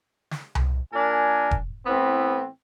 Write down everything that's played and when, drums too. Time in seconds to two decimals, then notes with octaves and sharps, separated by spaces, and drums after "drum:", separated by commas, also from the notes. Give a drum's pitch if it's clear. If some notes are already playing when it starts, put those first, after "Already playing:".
0.31 drum: snare
0.55 drum: tom C2
0.93 A#2 D4 A#4 G#5
1.51 drum: kick E1
1.87 A2 E3 B3 C4